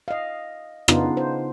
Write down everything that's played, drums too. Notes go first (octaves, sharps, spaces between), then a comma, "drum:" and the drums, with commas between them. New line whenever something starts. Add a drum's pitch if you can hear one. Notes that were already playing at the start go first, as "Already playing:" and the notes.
D#5 F5
C#3 B3 D4 D#4 F4, drum: rim click
C5